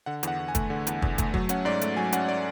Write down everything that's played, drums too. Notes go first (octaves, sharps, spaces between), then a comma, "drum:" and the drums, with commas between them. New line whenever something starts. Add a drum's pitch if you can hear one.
D3 F#5
E2 F#5, drum: hi-hat
E2
G#5
A3, drum: kick, hi-hat
D3
E2, drum: hi-hat
E2, drum: kick
A3, drum: kick, hi-hat
F#3, drum: kick
C#4 F#5, drum: hi-hat
G#2 D5
A3, drum: hi-hat
F#3 G#5
C#4 F#5, drum: hi-hat
D5